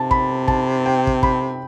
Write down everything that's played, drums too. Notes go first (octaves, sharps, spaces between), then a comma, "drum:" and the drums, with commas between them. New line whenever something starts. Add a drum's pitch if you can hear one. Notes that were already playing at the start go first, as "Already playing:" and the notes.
Already playing: C3 A5
B5, drum: kick
A5, drum: kick
G5
drum: kick
B5, drum: kick